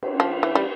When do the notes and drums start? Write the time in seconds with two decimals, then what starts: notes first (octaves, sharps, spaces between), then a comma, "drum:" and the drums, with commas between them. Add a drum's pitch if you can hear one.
0.03 drum: cymbal
0.20 F3
0.43 E3
0.55 G3